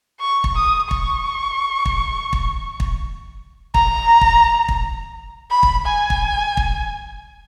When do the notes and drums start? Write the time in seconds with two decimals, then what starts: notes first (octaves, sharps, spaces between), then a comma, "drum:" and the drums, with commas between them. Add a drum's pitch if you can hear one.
0.20 C#6
0.44 drum: kick
0.56 D#6
0.91 C#6, drum: kick
1.85 drum: kick
2.33 drum: kick
2.80 drum: kick
3.74 A#5, drum: kick
4.21 drum: kick
4.69 drum: kick
5.51 B5
5.63 drum: kick
5.87 G#5
6.10 drum: kick
6.57 drum: kick